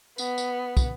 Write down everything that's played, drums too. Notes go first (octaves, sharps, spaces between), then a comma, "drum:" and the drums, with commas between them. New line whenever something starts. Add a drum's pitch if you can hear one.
B3, drum: tambourine
drum: tambourine
drum: kick, tambourine